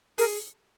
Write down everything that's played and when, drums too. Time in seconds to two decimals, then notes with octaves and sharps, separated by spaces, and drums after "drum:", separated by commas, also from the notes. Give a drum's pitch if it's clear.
0.18 G#4 A#4, drum: open hi-hat